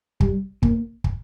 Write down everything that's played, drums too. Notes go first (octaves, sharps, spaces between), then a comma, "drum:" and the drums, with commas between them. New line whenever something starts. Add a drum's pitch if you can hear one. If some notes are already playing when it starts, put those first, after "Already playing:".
G3, drum: kick
A#3, drum: kick
drum: kick